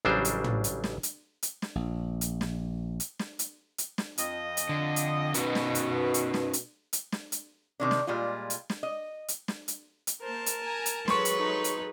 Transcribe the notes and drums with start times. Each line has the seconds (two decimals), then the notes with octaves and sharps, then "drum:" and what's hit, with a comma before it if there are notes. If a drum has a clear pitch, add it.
0.05 A1 C#3 F#3 G3 D4 C5
0.25 drum: hi-hat
0.44 drum: tom
0.64 drum: hi-hat
0.84 drum: snare
1.03 drum: hi-hat
1.43 drum: hi-hat
1.62 drum: snare
1.75 A#1
2.21 drum: hi-hat
2.41 drum: snare
3.00 drum: hi-hat
3.19 drum: snare
3.39 drum: hi-hat
3.78 drum: hi-hat
3.98 drum: snare
4.18 F2 D#5, drum: hi-hat
4.57 drum: hi-hat
4.69 D3
4.96 drum: hi-hat
5.34 B2 C#4 D#4 B4, drum: hi-hat
5.55 drum: snare
5.75 drum: hi-hat
6.14 drum: hi-hat
6.34 drum: snare
6.53 drum: hi-hat
6.93 drum: hi-hat
7.12 drum: snare
7.32 drum: hi-hat
7.80 C3 D#3 D4
7.91 drum: snare
8.07 A#2 G3 G#3 F4
8.50 drum: hi-hat
8.70 drum: snare
8.83 D#5
9.28 drum: hi-hat
9.48 drum: snare
9.68 drum: hi-hat
10.07 drum: hi-hat
10.21 A#3 A#4 C5 A5
10.46 drum: hi-hat
10.61 G#5 A#5
10.86 drum: hi-hat
11.08 F#3 G#4 A4 B4 C#5 C6 C#6, drum: snare
11.25 drum: hi-hat
11.39 D#4
11.64 drum: hi-hat